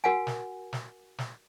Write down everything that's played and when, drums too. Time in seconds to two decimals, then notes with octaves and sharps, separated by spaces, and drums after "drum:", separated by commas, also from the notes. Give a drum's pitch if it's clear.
0.04 F#4 A#4 F5 F#5 G#5
0.27 drum: snare
0.73 drum: snare
1.18 drum: snare